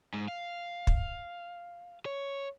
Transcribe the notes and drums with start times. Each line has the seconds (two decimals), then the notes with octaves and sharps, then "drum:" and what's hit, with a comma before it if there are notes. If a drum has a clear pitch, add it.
0.14 G#2
0.28 F5
0.87 drum: kick
2.06 C#5